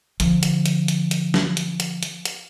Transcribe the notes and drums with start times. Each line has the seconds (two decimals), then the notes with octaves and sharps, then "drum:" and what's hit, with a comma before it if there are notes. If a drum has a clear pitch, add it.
0.20 D3 F3, drum: hi-hat
0.43 drum: hi-hat
0.66 drum: hi-hat
0.88 drum: hi-hat
1.11 drum: hi-hat
1.34 drum: snare
1.57 drum: hi-hat
1.80 drum: hi-hat
2.03 drum: hi-hat
2.25 drum: hi-hat